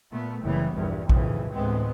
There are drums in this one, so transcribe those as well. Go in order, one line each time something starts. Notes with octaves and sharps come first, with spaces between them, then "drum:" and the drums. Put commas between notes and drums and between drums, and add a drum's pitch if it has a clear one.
A#2 A3 B3
F#1 C#3 E3 G3 B3
A#1 E2 G2
F#1 B1 F2 A2 C#3 E3, drum: kick A#1
A1 D2 A2 G#3 B3 C4